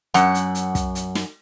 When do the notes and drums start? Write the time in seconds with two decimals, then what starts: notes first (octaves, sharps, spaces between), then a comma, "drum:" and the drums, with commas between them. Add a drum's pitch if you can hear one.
0.14 F#2 F#5, drum: hi-hat
0.35 drum: hi-hat
0.55 drum: hi-hat
0.75 drum: kick, hi-hat
0.95 drum: hi-hat
1.15 drum: snare